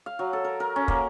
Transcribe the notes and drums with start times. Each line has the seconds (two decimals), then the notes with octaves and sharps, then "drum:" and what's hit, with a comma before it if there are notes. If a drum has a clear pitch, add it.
0.06 F5
0.19 F#3
0.33 A4
0.44 A#4
0.60 A#4
0.76 C#4
0.88 A#3, drum: kick